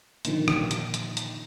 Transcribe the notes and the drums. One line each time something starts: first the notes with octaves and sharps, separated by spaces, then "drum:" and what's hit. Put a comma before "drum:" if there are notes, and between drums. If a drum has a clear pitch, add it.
A#2 D3 D#3 F3, drum: hi-hat
drum: rim click
drum: hi-hat
drum: hi-hat
drum: hi-hat